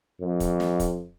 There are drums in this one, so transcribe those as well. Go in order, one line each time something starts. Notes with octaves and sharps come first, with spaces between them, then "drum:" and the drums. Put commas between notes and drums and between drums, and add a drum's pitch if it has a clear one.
F2
drum: kick, hi-hat
drum: snare
drum: kick, hi-hat